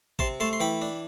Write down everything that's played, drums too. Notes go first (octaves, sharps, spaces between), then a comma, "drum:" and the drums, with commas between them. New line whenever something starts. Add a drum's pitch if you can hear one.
C3 A5 C6, drum: kick A1
A3 A5 C6
C6
E3 G5 B5
D4